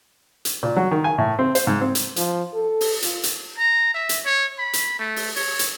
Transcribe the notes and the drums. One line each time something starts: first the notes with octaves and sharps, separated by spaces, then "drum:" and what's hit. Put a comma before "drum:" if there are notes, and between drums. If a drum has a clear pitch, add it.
drum: hi-hat
A#2
F#3
D#3
G#5
A2
C4
C5, drum: hi-hat
G#2
C4
drum: hi-hat
F3, drum: hi-hat
A4
drum: open hi-hat
F4, drum: hi-hat
drum: hi-hat
A#5
E5
drum: hi-hat
C#5
B5
drum: hi-hat
A3
drum: open hi-hat
C#5, drum: open hi-hat
drum: hi-hat